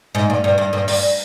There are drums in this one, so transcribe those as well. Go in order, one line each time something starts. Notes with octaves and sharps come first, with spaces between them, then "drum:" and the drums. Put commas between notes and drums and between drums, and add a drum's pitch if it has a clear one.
G#2
G2
G2
G2
G2
G2, drum: open hi-hat